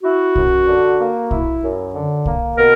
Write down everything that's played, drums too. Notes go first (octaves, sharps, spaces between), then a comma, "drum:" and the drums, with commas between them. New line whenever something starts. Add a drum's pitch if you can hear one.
E4 F#4
F#2, drum: kick
D3
A#3
E4, drum: kick
F#2
D3
A#3, drum: kick
B2 A#4